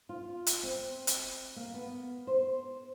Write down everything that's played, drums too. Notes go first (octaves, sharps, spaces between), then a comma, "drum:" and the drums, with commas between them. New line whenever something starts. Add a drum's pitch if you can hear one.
F4
drum: hi-hat
C4
drum: hi-hat
A#3
B3
C5